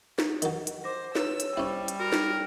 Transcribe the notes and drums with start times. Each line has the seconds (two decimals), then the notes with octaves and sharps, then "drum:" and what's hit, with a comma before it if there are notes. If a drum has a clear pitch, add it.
0.19 drum: snare
0.42 D#3 F#3, drum: hi-hat
0.67 drum: hi-hat
0.84 C5 D6 A#6
1.15 B4 C#5 E6, drum: snare
1.40 drum: hi-hat
1.57 G3 C#4 E4 C5
1.88 drum: hi-hat
2.00 F#4 A#4
2.12 drum: snare